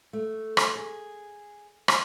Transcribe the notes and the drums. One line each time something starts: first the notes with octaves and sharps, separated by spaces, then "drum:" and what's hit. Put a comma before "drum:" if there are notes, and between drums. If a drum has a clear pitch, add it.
A3
drum: rim click
G#4
drum: rim click